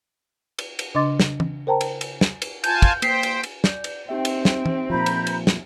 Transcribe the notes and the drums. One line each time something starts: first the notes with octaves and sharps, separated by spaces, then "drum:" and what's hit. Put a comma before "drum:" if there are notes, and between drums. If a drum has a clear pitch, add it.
drum: cymbal
drum: cymbal
C#3 D4 D#5 C6 D6 A6
drum: snare
drum: tom
A#4 C5 G5 A5 A#5
drum: cymbal
drum: cymbal
drum: snare
drum: cymbal
F4 G#5 A5 G6, drum: cymbal
drum: kick, cymbal
A#3 C5 G5 B6 C7, drum: cymbal
drum: cymbal
drum: cymbal
D5 G6, drum: snare
drum: cymbal
C4 D#4 G4 E5 G5
drum: cymbal
drum: snare
drum: tom
A#2 F3 A#5 B5 G6
drum: cymbal
drum: cymbal
drum: snare